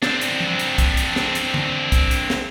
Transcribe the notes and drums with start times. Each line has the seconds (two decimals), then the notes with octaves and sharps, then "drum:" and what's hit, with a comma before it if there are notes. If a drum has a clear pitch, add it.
0.02 C4 D4, drum: snare
0.21 drum: hi-hat
0.40 drum: tom F3
0.59 drum: hi-hat
0.78 drum: kick, hi-hat
0.97 drum: hi-hat
1.16 drum: snare
1.35 drum: hi-hat
1.54 drum: tom D3
1.92 drum: kick, hi-hat
2.11 drum: hi-hat
2.30 drum: snare